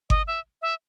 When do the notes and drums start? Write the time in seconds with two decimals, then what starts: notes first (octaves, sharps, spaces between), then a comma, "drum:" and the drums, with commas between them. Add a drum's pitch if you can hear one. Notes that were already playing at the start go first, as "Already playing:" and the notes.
0.10 D#5, drum: kick G1
0.27 E5
0.62 E5